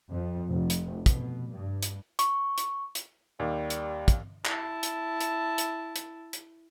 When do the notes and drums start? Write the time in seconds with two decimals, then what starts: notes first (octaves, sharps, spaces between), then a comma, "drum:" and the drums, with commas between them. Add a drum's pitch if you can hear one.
0.11 F2
0.50 F1
0.70 drum: hi-hat
1.06 B2, drum: kick, hi-hat
1.54 G2
1.83 drum: hi-hat
2.19 C#6, drum: hi-hat
2.58 drum: hi-hat
2.95 drum: hi-hat
3.40 D#2 G3
3.70 drum: hi-hat
4.08 drum: kick, hi-hat
4.45 E4 A5, drum: clap
4.83 drum: hi-hat
5.21 drum: hi-hat
5.58 drum: hi-hat
5.96 drum: hi-hat
6.33 drum: hi-hat